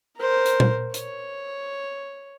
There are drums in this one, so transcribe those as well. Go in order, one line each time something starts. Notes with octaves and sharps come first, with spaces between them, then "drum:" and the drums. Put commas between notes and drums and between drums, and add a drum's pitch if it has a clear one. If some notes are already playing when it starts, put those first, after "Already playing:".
A#4 C5
drum: hi-hat
drum: tom A#2
C#5, drum: hi-hat